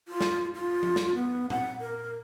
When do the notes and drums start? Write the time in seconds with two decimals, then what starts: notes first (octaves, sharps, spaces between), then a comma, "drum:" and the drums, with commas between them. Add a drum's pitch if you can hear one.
0.08 F4
0.21 drum: snare
0.55 F4
0.83 drum: tom F3
0.96 drum: snare
1.15 B3
1.50 F#5, drum: tom
1.81 A#4